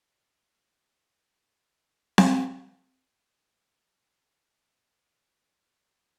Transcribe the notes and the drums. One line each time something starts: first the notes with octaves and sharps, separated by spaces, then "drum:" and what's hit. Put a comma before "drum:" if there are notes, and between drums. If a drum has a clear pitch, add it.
A3 C#4
G#3 B3
F#3 A3
G#3 B3
B3 D4
drum: snare C4